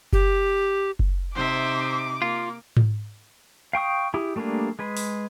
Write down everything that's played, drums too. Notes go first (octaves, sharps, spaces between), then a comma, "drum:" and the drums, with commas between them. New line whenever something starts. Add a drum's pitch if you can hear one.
G4, drum: kick F#1
drum: kick F#1
C3 D#4 C5 E5 D6
A#3 F4
drum: tom G#2
F5 G5 C#6 D#6
E4 G4 G#4
G3 A3 A#3 D4 G#4
G#3 G#4 B4
drum: open hi-hat